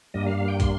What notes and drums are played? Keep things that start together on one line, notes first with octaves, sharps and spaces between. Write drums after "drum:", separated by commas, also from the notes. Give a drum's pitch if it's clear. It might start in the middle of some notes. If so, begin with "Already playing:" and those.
G2 G3 A#3 D#5
F5
F5
G5
C6, drum: kick, hi-hat